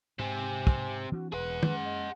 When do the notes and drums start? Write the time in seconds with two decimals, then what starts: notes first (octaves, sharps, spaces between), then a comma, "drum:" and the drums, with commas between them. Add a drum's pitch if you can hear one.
0.19 G#2 C3 C4 G#5
0.67 drum: kick
1.12 E3 C4 D4 F#4
1.33 E1 G#4 B4 F#5
1.63 G#3 A#3 C#4, drum: tom
1.84 D#5